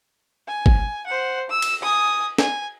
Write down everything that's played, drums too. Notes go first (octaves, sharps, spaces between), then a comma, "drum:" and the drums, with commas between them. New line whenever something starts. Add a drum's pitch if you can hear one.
G#5
drum: kick
C5 F#5
E6
drum: cymbal
G#5 D#6
G#5, drum: snare